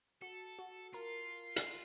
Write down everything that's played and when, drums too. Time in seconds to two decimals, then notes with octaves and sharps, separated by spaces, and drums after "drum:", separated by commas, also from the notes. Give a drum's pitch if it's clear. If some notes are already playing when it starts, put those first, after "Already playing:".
0.21 F#4 A4
0.59 F#4
0.94 F4 A#4
1.56 drum: hi-hat